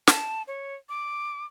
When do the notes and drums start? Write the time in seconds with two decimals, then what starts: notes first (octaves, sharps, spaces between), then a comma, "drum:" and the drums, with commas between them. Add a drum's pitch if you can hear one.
0.07 A5, drum: snare
0.48 C#5
0.89 D6